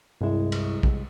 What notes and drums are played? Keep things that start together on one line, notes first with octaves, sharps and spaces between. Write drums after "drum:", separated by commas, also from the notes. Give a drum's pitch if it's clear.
C2 G2 G#3 E4
drum: cymbal
drum: kick A#1